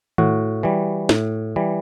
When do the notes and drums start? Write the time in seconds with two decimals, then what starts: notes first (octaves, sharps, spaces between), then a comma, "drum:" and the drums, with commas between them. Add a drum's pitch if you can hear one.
0.18 A2 F#4, drum: tom D#3
0.63 E3 G3
1.09 A2, drum: snare
1.56 E3 G3